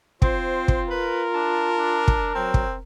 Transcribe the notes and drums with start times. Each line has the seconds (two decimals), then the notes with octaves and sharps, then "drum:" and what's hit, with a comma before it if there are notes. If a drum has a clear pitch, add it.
0.22 C4 F4 C5, drum: kick
0.68 drum: kick
0.90 A#4 B4
1.34 D4 A5
1.77 D4
2.08 drum: kick
2.35 F#3 C4
2.54 drum: kick